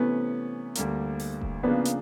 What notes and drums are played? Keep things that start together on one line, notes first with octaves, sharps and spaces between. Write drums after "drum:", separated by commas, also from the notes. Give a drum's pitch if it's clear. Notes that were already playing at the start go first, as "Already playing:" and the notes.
Already playing: C3 E3 A3 B3 C#4
D2 D3 G3 A#3, drum: hi-hat
drum: open hi-hat
drum: kick E1
C#3 F3 A#3 B3 D4
drum: hi-hat